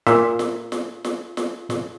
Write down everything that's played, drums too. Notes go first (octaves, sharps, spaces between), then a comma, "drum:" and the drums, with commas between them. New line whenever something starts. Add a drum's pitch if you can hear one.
A#2 E5, drum: snare
drum: snare
drum: snare
drum: snare
drum: snare
drum: snare